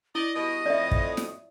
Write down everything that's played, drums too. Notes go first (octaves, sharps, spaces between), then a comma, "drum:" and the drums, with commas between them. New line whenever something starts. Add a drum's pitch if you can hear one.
E4 D5 D#5 D#6
G2 B2 D#5
F2 A2 D5 E5
drum: kick
drum: snare